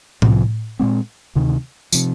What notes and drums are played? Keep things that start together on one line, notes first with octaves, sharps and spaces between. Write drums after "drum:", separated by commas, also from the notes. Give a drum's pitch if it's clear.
C2 C3 F3 C4, drum: tom A2
A#2 G#3 C4
D2 C3 D#3
C3 F3, drum: tambourine